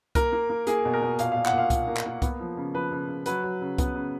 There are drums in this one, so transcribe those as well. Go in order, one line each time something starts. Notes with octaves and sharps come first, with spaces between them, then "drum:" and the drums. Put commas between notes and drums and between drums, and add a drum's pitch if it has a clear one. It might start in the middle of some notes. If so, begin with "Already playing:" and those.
A#3 A#4, drum: kick C2, hi-hat
A#3
A#3
A#3 G#4, drum: hi-hat
B2
A#4
B2
A#2 F5, drum: hi-hat
F5
A#2
F#5, drum: clap
A#2 F5
A#2, drum: kick C2, hi-hat
A#3
drum: clap
A#3
B3, drum: kick C2, hi-hat
F3
C#3
F3 B4
C#3
C#3
F#3 B4, drum: hi-hat
F#3
C#3
B3, drum: kick C2, hi-hat
C#3